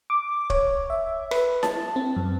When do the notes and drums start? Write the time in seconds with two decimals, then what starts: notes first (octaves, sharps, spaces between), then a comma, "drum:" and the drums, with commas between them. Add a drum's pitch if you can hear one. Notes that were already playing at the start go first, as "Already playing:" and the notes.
0.10 D6
0.50 C#5, drum: kick
0.90 E5
1.31 B4, drum: rim click
1.63 A5, drum: snare E4
1.96 C4
2.16 F#2